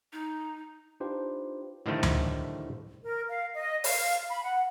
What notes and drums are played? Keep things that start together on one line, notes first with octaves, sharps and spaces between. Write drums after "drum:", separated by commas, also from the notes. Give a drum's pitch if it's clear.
D#4
D4 D#4 F4 G4 B4 C5
A2 D3 D#3 F3 G3 A3
drum: tom D2
A#4
F5
D#5
F5, drum: open hi-hat
B5
F#5